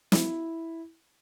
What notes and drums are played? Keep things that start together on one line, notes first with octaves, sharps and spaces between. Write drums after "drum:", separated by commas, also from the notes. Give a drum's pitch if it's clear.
E4, drum: snare